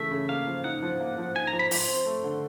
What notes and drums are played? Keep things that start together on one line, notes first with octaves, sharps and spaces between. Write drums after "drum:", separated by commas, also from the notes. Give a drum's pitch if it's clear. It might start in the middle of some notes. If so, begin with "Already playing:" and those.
Already playing: C#3 E3 A3 E5
C#3
A#3 F5
F3
D#4 F#5
F3
A#3
F3
D#4 G#5
A#5
F3
B5
F3 C6, drum: open hi-hat
C4
A3
D3